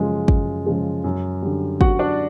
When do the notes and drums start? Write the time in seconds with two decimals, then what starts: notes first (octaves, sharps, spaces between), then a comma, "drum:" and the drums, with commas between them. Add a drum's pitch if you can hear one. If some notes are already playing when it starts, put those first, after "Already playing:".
Already playing: F#2 C#3 F3 G#3 F4
0.28 F#2, drum: kick
0.67 C#3 F3 G#3
1.04 F#2
1.42 D3 G3
1.81 F#2 F#4 F#5, drum: kick
1.99 D4 D5